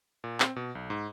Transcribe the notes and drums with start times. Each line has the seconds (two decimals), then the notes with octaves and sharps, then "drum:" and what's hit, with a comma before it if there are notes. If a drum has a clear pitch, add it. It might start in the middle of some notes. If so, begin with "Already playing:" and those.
0.24 A#2
0.40 C4, drum: clap
0.56 B2
0.75 B1
0.90 G#2